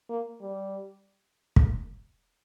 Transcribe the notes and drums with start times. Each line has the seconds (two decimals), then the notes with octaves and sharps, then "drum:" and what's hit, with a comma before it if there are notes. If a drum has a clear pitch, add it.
0.10 A#3
0.41 G3
1.56 drum: kick